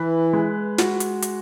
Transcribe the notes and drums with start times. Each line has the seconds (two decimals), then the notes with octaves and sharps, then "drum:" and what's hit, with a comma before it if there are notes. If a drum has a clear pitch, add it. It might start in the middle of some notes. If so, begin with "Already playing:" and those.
Already playing: E3 B4
0.33 G#3
0.78 F#4, drum: snare
1.00 drum: hi-hat
1.22 drum: hi-hat